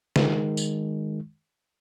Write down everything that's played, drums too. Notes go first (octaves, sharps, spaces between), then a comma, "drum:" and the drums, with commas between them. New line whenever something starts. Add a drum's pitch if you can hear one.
D#3 G#3, drum: snare
drum: tambourine